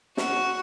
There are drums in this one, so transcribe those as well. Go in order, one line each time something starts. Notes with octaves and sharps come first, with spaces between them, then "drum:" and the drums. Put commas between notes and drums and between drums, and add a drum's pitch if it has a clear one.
F#4, drum: snare